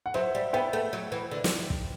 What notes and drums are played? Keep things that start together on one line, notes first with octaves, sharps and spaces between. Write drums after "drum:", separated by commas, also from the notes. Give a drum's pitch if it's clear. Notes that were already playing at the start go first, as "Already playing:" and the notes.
F#5
F#3 C5 E5
G3
B3 E5 G5
A3
F#3
E3
D3
drum: snare
drum: kick